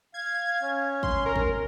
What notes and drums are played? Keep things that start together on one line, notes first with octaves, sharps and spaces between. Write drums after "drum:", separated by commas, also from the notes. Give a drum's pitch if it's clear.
F5 G#6
C#4
C6, drum: kick
A#4
drum: kick